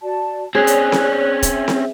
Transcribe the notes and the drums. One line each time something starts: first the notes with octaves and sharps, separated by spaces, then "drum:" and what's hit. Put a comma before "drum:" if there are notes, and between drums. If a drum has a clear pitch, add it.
F#4 D5 A5
C4 C#4 G#4 C#5 D5 F#6
drum: hi-hat
drum: snare C4
E5, drum: kick D#1, hi-hat
drum: snare C4